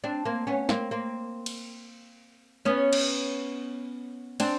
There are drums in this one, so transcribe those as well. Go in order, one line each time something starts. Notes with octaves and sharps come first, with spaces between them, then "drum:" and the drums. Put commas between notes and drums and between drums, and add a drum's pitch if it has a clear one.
C4 D4
A#3 C4
B3 C#4
A#3 C4, drum: snare
A#3 C4
drum: cymbal
B3 C#4
drum: cymbal
C4 D4, drum: cymbal